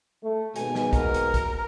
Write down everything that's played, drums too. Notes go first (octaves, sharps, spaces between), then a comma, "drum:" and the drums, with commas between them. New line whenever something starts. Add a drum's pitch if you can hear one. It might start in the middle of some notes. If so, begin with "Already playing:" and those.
A3
D#2 G#2 B2 G#5, drum: hi-hat
drum: snare
A#4, drum: kick, hi-hat
drum: hi-hat
drum: kick, hi-hat